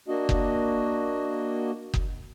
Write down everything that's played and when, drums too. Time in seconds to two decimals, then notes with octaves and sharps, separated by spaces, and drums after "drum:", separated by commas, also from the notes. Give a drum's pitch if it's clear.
0.08 A#3 D4 F#4 D#5
0.29 drum: kick F#1
1.94 drum: kick F#1